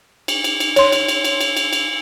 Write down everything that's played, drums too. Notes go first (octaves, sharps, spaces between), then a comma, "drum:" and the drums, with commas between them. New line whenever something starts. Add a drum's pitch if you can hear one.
drum: cymbal
drum: cymbal
drum: cymbal
C#5 C6, drum: cymbal
drum: cymbal
drum: cymbal
drum: cymbal
drum: cymbal
drum: cymbal
drum: cymbal